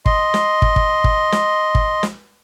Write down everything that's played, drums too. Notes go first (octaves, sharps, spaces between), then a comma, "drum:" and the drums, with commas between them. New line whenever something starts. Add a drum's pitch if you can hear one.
D#5 C6, drum: kick
drum: snare
drum: kick
drum: kick
drum: kick
drum: snare
drum: kick
drum: snare